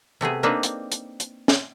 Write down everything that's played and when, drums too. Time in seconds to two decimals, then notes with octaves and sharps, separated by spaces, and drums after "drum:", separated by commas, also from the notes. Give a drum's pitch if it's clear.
0.21 C3 A3 B3 G#4
0.43 A#3 C4 D4 D#4 B4
0.63 drum: hi-hat
0.92 drum: hi-hat
1.20 drum: hi-hat
1.48 drum: snare